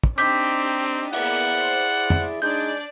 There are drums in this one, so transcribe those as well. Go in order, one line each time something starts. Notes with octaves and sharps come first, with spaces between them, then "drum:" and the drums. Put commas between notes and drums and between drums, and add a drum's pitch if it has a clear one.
drum: kick
C4 D4 D#4 G4 D6 G6 B6, drum: hi-hat
A#3 B3 E4 G#4 D5 F#5, drum: open hi-hat
C5
drum: tom
G#3 D4 D#4 G#4 D5 G6